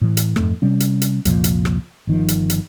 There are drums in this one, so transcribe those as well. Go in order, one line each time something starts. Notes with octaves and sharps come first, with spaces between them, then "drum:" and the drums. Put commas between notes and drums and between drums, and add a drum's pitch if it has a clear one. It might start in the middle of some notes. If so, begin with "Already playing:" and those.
A2 E3
drum: hi-hat
F2 G#2 A3, drum: rim click
C3 G3 C#4
drum: hi-hat
drum: hi-hat
C2 F2 A#2 F3, drum: hi-hat
drum: hi-hat
drum: rim click
G1 D#3 F3
drum: hi-hat
drum: hi-hat